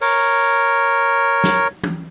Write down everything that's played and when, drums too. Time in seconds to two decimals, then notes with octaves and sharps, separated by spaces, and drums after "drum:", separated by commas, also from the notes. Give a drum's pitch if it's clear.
0.01 A#4 C#5, drum: open hi-hat
1.44 drum: snare
1.84 drum: tom